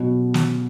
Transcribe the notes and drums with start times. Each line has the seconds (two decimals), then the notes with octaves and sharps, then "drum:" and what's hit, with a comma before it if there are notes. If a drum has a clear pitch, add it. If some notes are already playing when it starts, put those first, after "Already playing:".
Already playing: B2 F#3
0.34 drum: snare